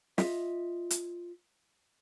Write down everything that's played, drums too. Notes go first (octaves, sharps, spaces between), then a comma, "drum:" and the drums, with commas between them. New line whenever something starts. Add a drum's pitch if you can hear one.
F4 D#5 E5, drum: snare
drum: hi-hat